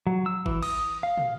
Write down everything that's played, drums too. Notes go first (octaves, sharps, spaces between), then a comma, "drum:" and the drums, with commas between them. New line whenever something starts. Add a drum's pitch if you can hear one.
F#3
E6
E3, drum: kick G#1
D#6, drum: cymbal
F5
drum: tom